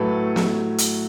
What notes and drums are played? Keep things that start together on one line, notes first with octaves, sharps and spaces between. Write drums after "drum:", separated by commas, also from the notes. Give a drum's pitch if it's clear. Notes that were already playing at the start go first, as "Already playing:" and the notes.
Already playing: A2 F#3 A3 A4 B4
drum: snare
drum: hi-hat